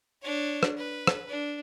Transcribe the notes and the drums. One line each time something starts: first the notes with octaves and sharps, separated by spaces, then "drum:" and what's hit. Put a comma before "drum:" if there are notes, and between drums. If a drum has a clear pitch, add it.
D4 C#5
drum: rim click
B4
drum: rim click
D4